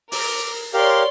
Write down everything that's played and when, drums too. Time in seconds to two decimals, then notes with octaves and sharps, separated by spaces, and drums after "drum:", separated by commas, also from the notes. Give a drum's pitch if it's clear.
0.12 A#4 D6, drum: open hi-hat
0.74 G4 A#4 C#5 D5 F5 C6